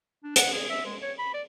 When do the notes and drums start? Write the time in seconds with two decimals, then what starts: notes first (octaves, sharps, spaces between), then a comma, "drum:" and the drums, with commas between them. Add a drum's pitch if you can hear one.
0.24 D4
0.36 F#5, drum: hi-hat
0.53 G#4
0.70 E5
0.85 G#3
1.02 C#5
1.18 B5
1.34 D5